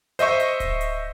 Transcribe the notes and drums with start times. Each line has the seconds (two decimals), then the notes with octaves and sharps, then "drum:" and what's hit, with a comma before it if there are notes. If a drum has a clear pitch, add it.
0.19 C5 D#5 E5 C#6, drum: hi-hat
0.40 drum: hi-hat
0.60 drum: kick D1, hi-hat
0.81 drum: hi-hat